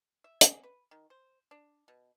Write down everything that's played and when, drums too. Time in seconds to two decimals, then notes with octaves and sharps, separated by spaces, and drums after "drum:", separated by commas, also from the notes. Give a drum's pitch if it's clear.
0.24 E5
0.41 G#4, drum: hi-hat
0.63 B4
0.91 D#3
1.10 C5
1.51 D4
1.88 B2